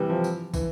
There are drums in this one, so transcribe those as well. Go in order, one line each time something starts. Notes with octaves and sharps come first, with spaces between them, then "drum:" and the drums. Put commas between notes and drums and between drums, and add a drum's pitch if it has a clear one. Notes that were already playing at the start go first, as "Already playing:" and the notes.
Already playing: C3 E3 G3
F3
drum: tambourine
E3, drum: kick, tambourine